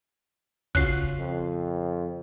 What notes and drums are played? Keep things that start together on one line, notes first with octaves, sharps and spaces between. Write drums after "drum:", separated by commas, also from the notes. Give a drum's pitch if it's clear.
C#3 C#4 F4 F#4 F#6 C7, drum: kick
F2